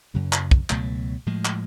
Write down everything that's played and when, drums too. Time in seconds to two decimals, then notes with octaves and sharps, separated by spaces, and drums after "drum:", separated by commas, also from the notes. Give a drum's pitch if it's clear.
0.14 F#2 C#3 F#3 A#3
0.33 drum: clap
0.51 drum: kick
0.70 C#2 B2 F#3 A3, drum: clap
1.26 A2 F3 G#3
1.45 drum: clap